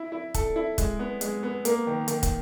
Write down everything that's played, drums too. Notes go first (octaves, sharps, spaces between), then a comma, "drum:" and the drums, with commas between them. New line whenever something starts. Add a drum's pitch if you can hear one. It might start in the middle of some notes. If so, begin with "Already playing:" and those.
Already playing: E4
E4
A4, drum: kick, hi-hat
E4
G#3, drum: kick, hi-hat
B3
G#3, drum: hi-hat
B3
A#3, drum: hi-hat
D#3
D#3, drum: hi-hat
drum: kick, hi-hat